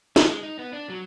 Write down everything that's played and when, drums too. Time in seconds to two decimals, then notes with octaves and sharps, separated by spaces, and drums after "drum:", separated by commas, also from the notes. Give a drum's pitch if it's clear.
0.16 D3, drum: snare
0.28 G#3
0.43 D#4
0.59 B3
0.73 D4
0.90 F#3